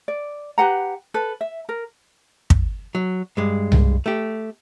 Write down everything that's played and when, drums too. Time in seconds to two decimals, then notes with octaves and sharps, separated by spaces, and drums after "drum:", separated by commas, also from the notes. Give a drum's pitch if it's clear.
0.08 D5
0.58 G4 B4 F#5 A#5
1.14 A4 B4
1.41 E5
1.69 A#4
2.50 drum: kick
2.95 F#3
3.37 G2 G#3
3.72 drum: tom C2
4.06 A3 G4